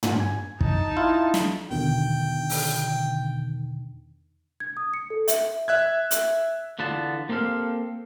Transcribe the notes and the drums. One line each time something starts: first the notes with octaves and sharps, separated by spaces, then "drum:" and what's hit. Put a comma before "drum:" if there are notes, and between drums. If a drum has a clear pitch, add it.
drum: tom
G#5
D#4 A5, drum: kick
E4 F4
drum: snare
E2 B2 D3 D#3 G5
drum: open hi-hat
G#6
D#6
C#7
A4
E5, drum: hi-hat
E5 F#6 G#6
drum: hi-hat
E2 D3 B3 F4 A5
A#3 C4 G4 A4 F5